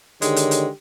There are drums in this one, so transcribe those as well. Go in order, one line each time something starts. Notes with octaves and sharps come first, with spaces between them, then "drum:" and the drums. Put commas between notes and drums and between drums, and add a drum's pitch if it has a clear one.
D3 D#3 G#3 G4 C#5, drum: hi-hat
drum: hi-hat
drum: hi-hat